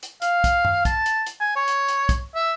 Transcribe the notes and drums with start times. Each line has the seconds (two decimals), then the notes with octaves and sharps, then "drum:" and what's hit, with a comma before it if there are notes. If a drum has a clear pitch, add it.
0.03 drum: hi-hat
0.22 F5, drum: hi-hat
0.44 drum: kick, hi-hat
0.65 drum: tom F#2
0.85 A5, drum: kick, hi-hat
1.06 drum: hi-hat
1.26 drum: hi-hat
1.40 G#5
1.56 C#5
1.68 drum: hi-hat
1.88 drum: hi-hat
2.09 drum: kick, hi-hat
2.35 E5